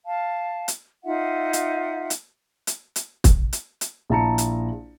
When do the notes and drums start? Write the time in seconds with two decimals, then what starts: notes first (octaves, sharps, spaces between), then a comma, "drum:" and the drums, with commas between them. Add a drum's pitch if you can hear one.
0.06 F5 A5
0.68 drum: hi-hat
1.04 D#4 F4 E5 F#5
1.53 drum: hi-hat
2.10 drum: hi-hat
2.67 drum: hi-hat
2.96 drum: hi-hat
3.24 drum: kick, hi-hat
3.53 drum: hi-hat
3.81 drum: hi-hat
4.10 A#1 E4 A5 A#5 C#7
4.38 drum: hi-hat